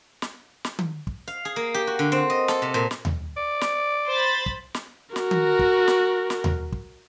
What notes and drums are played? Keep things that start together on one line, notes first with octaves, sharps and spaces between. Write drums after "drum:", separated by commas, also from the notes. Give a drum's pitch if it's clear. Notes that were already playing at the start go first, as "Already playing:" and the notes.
drum: snare
drum: snare
drum: tom D#3
drum: kick
F5
G#4
A#3
G4
F#4
D3
C4
D#5
A4, drum: snare
C3
A#2
drum: snare
drum: tom D#2
D5
drum: snare
C5 B5 A6
drum: kick
drum: snare
F#4 A#4, drum: snare
drum: tom D#3
drum: kick
drum: snare
drum: snare
drum: tom D#2
drum: kick